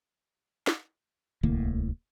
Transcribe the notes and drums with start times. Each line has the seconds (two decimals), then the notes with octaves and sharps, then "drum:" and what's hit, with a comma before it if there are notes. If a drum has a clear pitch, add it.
0.67 drum: snare
1.43 D1 C2 A2 A#3, drum: tom D3